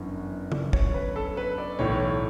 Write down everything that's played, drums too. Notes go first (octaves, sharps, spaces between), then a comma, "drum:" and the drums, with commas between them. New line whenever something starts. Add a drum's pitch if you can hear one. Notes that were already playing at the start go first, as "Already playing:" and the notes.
Already playing: G1 F#2 E3
D5, drum: tom
C#5, drum: kick
B4
A4
B4
D5
B1 A2 E3 C#5